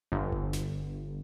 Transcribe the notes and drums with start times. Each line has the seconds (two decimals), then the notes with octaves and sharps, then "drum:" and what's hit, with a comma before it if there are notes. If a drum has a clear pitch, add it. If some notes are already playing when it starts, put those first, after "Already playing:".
0.12 G1
0.32 drum: kick G1
0.53 drum: snare